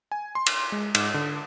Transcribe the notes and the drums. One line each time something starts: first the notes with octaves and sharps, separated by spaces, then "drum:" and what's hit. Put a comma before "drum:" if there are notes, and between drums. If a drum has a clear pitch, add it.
G#5
C6
drum: cymbal
G#3
G#2, drum: cymbal
D3